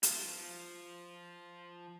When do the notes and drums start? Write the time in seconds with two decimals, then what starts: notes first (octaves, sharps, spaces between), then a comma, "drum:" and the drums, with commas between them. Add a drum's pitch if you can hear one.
0.03 F3 F4, drum: hi-hat